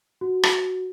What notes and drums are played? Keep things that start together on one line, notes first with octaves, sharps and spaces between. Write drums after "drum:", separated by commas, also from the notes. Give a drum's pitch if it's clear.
F#4
drum: rim click